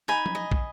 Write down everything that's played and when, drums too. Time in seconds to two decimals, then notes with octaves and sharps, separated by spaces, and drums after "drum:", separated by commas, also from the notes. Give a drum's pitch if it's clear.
0.08 D#4 G#5 B5
0.26 drum: tom
0.35 D#5
0.51 drum: kick